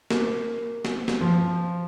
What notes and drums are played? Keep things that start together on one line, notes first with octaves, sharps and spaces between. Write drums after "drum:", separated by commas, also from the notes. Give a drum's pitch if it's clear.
A#3, drum: snare
drum: snare
drum: snare
F3 C4